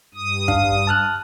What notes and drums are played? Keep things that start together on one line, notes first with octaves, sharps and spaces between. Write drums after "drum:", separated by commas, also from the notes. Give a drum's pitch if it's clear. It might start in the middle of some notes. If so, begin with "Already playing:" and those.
G2 D#6
D4 F5, drum: kick
A5 F6 F#6